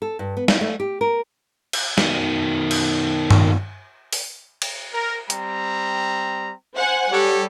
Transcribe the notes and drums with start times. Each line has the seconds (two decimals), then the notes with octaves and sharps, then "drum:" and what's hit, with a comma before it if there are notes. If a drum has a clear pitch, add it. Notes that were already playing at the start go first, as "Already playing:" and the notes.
0.02 A4
0.19 G2
0.37 B3
0.48 F#3, drum: snare
0.61 A3
0.80 G4
1.01 A#4
1.73 drum: cymbal
1.98 B2 D#3, drum: snare
2.71 drum: cymbal
3.31 drum: tom G2
4.13 drum: open hi-hat
4.62 drum: cymbal
4.93 A#4
5.30 G3 C4 A#5, drum: hi-hat
6.75 C5 F#5 G#5
7.12 G3 G4 A4 C#5